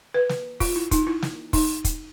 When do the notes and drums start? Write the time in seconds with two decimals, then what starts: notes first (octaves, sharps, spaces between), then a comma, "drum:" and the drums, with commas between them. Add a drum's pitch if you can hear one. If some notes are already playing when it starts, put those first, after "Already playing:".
0.14 B4
0.29 drum: snare
0.60 F4, drum: kick, open hi-hat
0.76 E4
0.91 D#4, drum: kick, hi-hat
1.07 E4
1.22 drum: snare
1.53 D#4, drum: kick, open hi-hat
1.84 drum: kick, hi-hat